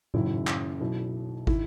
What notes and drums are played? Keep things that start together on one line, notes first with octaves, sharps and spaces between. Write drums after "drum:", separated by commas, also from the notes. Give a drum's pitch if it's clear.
F#1 F#2 D#3 F#3 E4, drum: tom A2
drum: clap
B1 B2 F#3 E4
D#3 E4, drum: kick